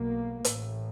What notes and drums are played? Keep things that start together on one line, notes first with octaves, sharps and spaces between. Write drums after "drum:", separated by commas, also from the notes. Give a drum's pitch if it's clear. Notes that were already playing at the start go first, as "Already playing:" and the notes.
Already playing: B1 B2 A#3
A1 A2, drum: hi-hat